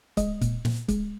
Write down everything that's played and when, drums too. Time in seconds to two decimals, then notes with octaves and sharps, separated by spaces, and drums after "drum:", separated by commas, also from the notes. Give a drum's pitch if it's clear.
0.17 G#3 D#5, drum: kick C#1, hi-hat
0.41 A#2, drum: kick C#1, hi-hat
0.65 A#2, drum: snare
0.88 G#3, drum: kick C#1, hi-hat